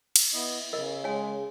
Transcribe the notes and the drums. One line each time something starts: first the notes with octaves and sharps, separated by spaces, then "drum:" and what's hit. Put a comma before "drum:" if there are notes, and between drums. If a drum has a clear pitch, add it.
drum: cymbal
B3 E4 D#5
C#3 A#4 D#5
G#3 C#5 G#5